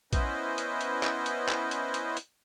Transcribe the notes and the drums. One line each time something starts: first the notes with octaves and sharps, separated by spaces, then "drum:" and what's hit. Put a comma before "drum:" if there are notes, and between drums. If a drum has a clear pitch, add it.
B3 C#4 E4 B4 C5 D#5, drum: kick A#1, hi-hat
drum: hi-hat
drum: hi-hat
drum: clap
drum: hi-hat
drum: clap
drum: hi-hat
drum: hi-hat
drum: hi-hat